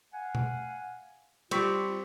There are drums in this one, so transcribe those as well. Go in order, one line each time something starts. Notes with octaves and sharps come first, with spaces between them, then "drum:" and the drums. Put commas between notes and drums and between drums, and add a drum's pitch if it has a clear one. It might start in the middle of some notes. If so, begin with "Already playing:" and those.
F5 F#5 G#5
drum: tom B2
G3 C4 F4 G4 C#6 B6, drum: cymbal